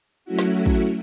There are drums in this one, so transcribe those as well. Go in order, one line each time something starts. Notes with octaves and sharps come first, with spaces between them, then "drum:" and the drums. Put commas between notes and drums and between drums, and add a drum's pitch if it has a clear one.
F#3 A3 C#4 E4 F#4
drum: snare
drum: kick